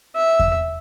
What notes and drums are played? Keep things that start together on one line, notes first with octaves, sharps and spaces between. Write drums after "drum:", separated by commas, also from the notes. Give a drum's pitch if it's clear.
E5
drum: kick E2